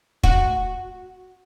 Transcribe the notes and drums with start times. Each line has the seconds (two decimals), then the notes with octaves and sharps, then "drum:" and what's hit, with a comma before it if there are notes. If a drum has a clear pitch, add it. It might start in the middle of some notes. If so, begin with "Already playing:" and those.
0.23 F#4, drum: kick